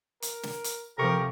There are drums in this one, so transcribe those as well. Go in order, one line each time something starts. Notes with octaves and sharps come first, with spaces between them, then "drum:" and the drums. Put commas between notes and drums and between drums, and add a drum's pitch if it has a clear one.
A#4, drum: hi-hat
drum: snare
drum: hi-hat
C3 F3 G4 A4 A#4 C#6